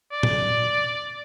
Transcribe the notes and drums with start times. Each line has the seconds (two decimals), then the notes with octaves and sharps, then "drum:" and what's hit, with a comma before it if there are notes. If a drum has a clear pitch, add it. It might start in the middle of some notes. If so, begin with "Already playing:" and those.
0.12 D5
0.23 drum: tom A#2